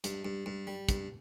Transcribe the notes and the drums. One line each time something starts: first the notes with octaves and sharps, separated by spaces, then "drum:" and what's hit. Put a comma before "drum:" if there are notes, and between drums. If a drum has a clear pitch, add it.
G2, drum: hi-hat
G2
G2
G3
G2, drum: kick, hi-hat